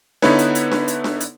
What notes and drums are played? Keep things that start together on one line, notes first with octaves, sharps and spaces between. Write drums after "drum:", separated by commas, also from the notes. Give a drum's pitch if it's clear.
D3 B3 D#4 E4 B4 C#5, drum: snare D4
drum: hi-hat
drum: hi-hat
drum: snare D4
drum: hi-hat
drum: snare D4
drum: hi-hat